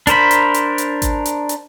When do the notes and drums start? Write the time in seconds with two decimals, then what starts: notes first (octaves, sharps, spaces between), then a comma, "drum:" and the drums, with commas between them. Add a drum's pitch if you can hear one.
0.07 D4 A#4 C5 B5, drum: hi-hat
0.31 drum: hi-hat
0.54 drum: hi-hat
0.78 drum: hi-hat
1.02 drum: kick G#1, hi-hat
1.26 drum: hi-hat
1.49 drum: hi-hat